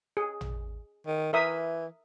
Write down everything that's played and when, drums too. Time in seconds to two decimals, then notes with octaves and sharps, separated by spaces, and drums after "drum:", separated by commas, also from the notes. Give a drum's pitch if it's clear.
0.17 G#4
0.41 drum: tom
1.07 D#3
1.33 E3 A#4 E5 D#6